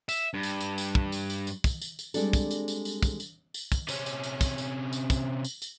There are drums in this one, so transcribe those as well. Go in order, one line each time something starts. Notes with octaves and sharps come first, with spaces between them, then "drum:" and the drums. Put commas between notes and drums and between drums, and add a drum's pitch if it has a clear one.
E5, drum: tambourine
G2
drum: tambourine
drum: tambourine
drum: tambourine
drum: kick
drum: tambourine
drum: tambourine
drum: tambourine
drum: kick, tambourine
drum: tambourine
drum: tambourine
G3 G#3 C4 D4 A4, drum: tambourine
drum: kick, tambourine
drum: tambourine
drum: tambourine
drum: tambourine
drum: kick, tambourine
drum: tambourine
drum: tambourine
drum: kick, tambourine
C3 C#4, drum: tambourine
drum: tambourine
drum: tambourine
drum: kick, tambourine
drum: tambourine
drum: tambourine
drum: kick, tambourine
drum: tambourine
drum: tambourine